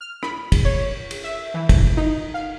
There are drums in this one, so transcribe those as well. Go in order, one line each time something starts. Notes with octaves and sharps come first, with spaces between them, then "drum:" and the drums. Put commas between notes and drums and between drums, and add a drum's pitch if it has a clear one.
F6
B5, drum: rim click
drum: kick, cymbal
C#5
drum: cymbal
E5
E3
drum: kick, cymbal
D#4
F5